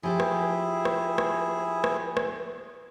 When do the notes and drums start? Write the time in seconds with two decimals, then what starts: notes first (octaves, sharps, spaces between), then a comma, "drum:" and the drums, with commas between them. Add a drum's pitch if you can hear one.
0.03 F3 E4 G4 G#4
0.20 drum: rim click
0.85 drum: rim click
1.18 drum: rim click
1.84 drum: rim click
2.17 drum: rim click